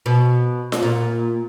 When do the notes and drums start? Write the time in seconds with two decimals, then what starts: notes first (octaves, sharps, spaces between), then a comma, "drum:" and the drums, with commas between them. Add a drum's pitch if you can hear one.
0.06 B2
0.72 drum: snare F4
0.83 A#2